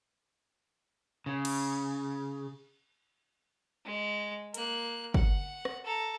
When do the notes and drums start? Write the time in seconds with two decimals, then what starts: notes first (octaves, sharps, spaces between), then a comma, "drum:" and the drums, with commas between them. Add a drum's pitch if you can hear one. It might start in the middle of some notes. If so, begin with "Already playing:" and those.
1.26 C#3
1.45 drum: cymbal
3.85 G#3
4.54 A#3 F#6, drum: hi-hat
5.14 F#5, drum: kick
5.65 drum: rim click
5.85 A4 A#5